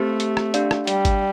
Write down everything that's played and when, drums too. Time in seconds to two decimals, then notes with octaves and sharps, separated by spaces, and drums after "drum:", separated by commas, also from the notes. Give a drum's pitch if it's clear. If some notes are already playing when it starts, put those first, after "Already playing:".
Already playing: A3 C4 G4 C5 E5
0.20 drum: hi-hat
0.37 drum: rim click
0.54 D4 G4 D5 F5, drum: hi-hat
0.71 drum: rim click
0.87 G3, drum: hi-hat
1.05 drum: kick G#1, hi-hat